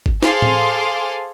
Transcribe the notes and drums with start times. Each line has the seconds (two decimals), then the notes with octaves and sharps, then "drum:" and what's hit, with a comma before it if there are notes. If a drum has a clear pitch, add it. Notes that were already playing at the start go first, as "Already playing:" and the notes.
0.06 drum: kick G#1
0.23 G#4 A4 C5 F5 C6 D6, drum: snare
0.42 drum: tom A2